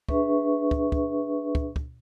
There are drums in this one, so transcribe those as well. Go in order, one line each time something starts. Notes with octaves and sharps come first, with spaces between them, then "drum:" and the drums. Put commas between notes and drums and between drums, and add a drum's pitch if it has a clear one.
D4 G#4 B4 E5 C#6, drum: kick
drum: kick
drum: kick
drum: kick
drum: kick